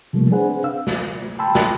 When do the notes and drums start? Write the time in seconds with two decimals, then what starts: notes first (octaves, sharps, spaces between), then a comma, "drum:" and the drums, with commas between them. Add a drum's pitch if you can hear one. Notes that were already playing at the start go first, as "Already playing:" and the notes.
0.13 C3 F3 G3 A3 A#3
0.31 C4 D4 G#4 B4 C5 F#5
0.64 F5 E6
0.87 drum: snare
1.39 G5 A5 B5 C6 E6
1.55 drum: snare